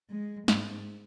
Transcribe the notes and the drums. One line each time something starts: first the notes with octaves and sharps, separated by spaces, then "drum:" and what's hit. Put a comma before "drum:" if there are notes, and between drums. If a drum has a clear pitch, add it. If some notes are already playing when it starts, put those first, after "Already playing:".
G#3
G#2, drum: snare